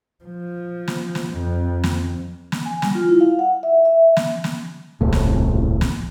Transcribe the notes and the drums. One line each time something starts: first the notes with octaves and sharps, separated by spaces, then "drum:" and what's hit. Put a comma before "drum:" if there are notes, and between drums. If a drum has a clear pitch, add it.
F3
drum: snare
drum: snare
F2
drum: snare
drum: snare
G#5
G3, drum: snare
F4
E4
F5
F#5
E5
E5
drum: snare
drum: snare
D#1 C2 A2
drum: snare
drum: snare